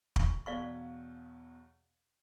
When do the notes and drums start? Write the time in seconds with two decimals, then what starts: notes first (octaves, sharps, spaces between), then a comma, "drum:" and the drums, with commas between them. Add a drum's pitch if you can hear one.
0.16 C#6, drum: kick
0.46 B1 E2 B2 D5 F5 C#6